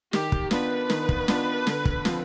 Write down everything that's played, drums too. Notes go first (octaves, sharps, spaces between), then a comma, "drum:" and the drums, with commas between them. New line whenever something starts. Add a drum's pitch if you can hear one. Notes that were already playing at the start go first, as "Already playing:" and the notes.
D#3 G4, drum: snare
drum: kick
B3 D4 F4 B4, drum: snare
D#3, drum: snare
drum: kick
B3 D4 F4, drum: snare
D3, drum: snare
drum: kick
F3 C4 F4, drum: snare